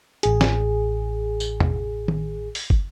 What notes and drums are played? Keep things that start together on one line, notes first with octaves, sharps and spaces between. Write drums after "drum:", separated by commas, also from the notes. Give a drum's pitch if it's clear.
A1 G#4, drum: hi-hat
drum: snare
drum: tambourine
drum: tom E2
drum: tom D#3
drum: open hi-hat
drum: kick